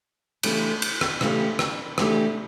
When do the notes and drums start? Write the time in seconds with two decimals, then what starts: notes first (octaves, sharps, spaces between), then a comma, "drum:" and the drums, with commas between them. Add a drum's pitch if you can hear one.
0.43 C#3 E3 A3 D4 G4, drum: cymbal
0.82 drum: cymbal
1.01 drum: rim click
1.21 C#3 E3 A3 D4 G4, drum: rim click
1.59 drum: rim click
1.98 C#3 E3 A3 D4 G4, drum: rim click